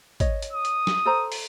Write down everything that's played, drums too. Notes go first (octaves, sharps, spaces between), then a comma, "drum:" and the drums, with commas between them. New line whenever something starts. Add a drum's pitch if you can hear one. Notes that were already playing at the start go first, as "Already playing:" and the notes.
C#5 D#5, drum: kick, hi-hat
drum: hi-hat
D#6
drum: hi-hat
drum: snare
A4 C5 A#5
drum: open hi-hat